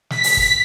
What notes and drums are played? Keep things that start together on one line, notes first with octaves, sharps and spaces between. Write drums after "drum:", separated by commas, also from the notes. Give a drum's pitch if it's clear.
B6, drum: snare
drum: open hi-hat
drum: kick